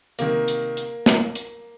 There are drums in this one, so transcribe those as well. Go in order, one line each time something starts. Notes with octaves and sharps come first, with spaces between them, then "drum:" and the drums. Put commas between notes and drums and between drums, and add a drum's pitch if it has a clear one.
C3 D#3 A#3, drum: hi-hat
drum: hi-hat
drum: hi-hat
drum: snare
drum: hi-hat